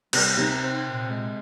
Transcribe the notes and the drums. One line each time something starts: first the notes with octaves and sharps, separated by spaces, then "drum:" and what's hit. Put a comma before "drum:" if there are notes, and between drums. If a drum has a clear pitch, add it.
C3 G3, drum: cymbal
C3 D#4
C4
A#2
G#3